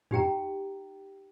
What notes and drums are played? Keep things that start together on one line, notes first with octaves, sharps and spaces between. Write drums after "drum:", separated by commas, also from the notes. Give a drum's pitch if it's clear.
D#4 G4 G5 A#5, drum: tom E2